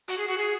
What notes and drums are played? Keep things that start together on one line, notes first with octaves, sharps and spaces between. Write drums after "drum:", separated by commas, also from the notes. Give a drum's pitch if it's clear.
F#4, drum: hi-hat
G#4
F#4
G#4